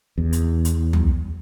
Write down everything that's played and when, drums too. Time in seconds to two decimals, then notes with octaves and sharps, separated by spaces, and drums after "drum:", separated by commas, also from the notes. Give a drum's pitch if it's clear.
0.18 E2
0.33 drum: hi-hat
0.65 drum: hi-hat
0.93 drum: tom